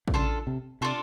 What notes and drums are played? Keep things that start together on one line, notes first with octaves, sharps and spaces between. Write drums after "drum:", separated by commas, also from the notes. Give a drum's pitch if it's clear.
D3, drum: kick A1
C#3 D4 F4 A4
C3
C3 D4 F4 A4